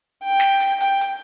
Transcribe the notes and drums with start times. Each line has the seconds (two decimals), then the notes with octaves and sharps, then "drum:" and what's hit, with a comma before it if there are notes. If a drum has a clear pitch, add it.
0.24 G5
0.40 drum: snare
0.60 drum: hi-hat
0.81 G5, drum: hi-hat
1.01 drum: hi-hat